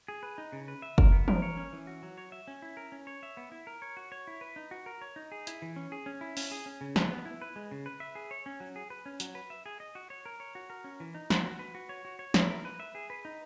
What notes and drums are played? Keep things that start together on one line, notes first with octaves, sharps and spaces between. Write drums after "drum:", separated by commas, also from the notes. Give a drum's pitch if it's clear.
G#4
B4
D#4
C#3
B4
E5
A#4, drum: kick
B3
A#4, drum: tom E3
C#5
C#4
E3
F#4
F#3
C#5
E5
C#4
E4
A#4
C#4
C#5
E5
B3
E4
A#4
C#5
F#4
C#5
E4
B4
D#4
F#4
A#4
C#5
D#4
G#4
E4, drum: hi-hat
E3
C#4
G#4
C#4
E4
C#4, drum: open hi-hat
G#4
C#4
C#3
B4, drum: snare
B3
E4
B4
G#3
C#3
B4
E5
G#4
C#5
C#4
F#3
G#4
B4
C#4
F#3, drum: hi-hat
B4
E5
G#4
D#5
F#4
C#5
A#4
C#5
F#4
A#4
C#4
E3
D#4
F#4, drum: snare
F#4
B4
F#4
C#5
F#4
C#5
E4, drum: snare
A#4
B4
E5
G#4
B4
D#4